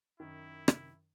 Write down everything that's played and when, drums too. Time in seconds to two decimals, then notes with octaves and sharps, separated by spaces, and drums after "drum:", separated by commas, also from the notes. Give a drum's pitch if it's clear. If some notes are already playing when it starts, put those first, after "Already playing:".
0.20 F#2 D#3 E4
0.68 drum: rim click